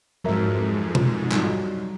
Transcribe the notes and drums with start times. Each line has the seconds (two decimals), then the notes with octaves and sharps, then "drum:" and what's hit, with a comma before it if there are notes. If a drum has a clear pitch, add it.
0.24 F2 G#2 F#3 A#4 E5
0.95 drum: tom B2
1.32 F#3 G3 D#4, drum: clap